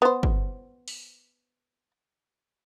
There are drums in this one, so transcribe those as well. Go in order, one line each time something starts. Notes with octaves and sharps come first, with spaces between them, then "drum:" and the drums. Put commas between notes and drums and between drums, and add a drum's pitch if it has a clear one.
B3 C5
drum: kick
drum: open hi-hat